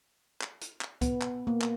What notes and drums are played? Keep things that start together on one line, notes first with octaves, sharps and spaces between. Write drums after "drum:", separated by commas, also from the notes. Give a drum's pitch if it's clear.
drum: clap
drum: hi-hat
drum: clap
B3, drum: kick C#2, hi-hat
drum: clap
A#3
drum: clap